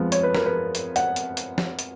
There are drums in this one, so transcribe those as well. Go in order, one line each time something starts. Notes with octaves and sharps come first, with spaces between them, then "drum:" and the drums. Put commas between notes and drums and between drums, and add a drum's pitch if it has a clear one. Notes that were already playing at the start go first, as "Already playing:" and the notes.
Already playing: F2 F3 G#3 B3
C#5, drum: hi-hat
B4
A#4, drum: snare
B4
drum: hi-hat
F#5, drum: hi-hat
drum: hi-hat
drum: hi-hat
drum: snare
drum: hi-hat